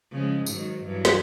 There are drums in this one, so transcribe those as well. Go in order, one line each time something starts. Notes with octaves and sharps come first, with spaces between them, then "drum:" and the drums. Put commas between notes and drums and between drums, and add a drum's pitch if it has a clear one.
C#3 F3 G#3
G#2 D#3 F#3, drum: tambourine
G2 E3 F#3
drum: snare